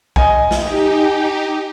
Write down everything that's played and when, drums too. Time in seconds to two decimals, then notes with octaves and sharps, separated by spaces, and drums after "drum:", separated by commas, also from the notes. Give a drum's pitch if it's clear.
0.16 D#5 G#5, drum: kick
0.51 D#4 G4, drum: snare